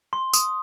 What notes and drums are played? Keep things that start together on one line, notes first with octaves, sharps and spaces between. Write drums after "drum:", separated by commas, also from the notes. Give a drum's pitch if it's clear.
C6
D#6, drum: tambourine